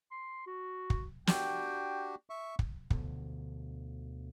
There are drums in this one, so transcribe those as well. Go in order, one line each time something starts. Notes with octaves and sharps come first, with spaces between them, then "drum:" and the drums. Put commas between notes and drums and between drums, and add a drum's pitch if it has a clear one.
C6
F#4
drum: kick
D4 F#4 G4 G5, drum: snare
E5 C#6
drum: kick
D2 B2 D3 F3, drum: kick